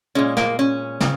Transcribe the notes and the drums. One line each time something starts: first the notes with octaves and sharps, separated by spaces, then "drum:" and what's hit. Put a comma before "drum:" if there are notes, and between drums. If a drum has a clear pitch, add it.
A#2 G#3 C#4
A#3, drum: snare
C#4
C#3, drum: snare